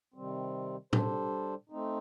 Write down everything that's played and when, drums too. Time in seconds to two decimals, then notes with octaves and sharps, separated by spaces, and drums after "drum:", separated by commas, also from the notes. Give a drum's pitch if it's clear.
0.14 C3 D#3 G3 C4
0.93 G3 D4 A4 C5, drum: tom A2
1.70 A3 C4 D#4